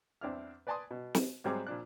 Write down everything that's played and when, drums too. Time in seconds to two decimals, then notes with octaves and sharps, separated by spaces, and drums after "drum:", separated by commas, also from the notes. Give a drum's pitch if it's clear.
0.21 E2 C4 D4 E4 F6
0.67 B4 D5 G#5 A5 C6 D#6
0.91 B2
1.14 drum: snare
1.44 G#2 F#3 G3 C4 G#4 D6
1.67 A#2 F3 D4 F#6